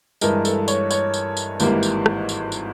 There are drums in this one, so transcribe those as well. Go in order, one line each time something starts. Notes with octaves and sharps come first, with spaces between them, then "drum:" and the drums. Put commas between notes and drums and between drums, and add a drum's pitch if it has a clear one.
G2 E3 G#3 A#4, drum: tambourine
A4, drum: tambourine
C#5, drum: tambourine
C#5, drum: tambourine
drum: tambourine
drum: tambourine
G#1 G#2 E3 G3 A#3, drum: tambourine
drum: tambourine
drum: rim click
drum: tambourine
drum: tambourine